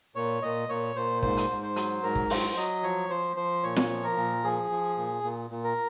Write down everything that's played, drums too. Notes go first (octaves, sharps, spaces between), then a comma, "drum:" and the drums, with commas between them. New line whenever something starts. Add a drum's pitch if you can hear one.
A#2 C#5
A#2 D#5
A#2 C#5
A#2 C5
G#2 C5, drum: kick
drum: hi-hat
G#2
C5
F#3, drum: hi-hat
G#2 A#4
drum: kick
F#3 C5, drum: open hi-hat
F#3 D#5
F3 C#5
F3 C5
F3 C5
A#2 C#5
drum: snare
F3
A#4
A#2
F3 G#4
F3
A#2
A#2
A#2
A#4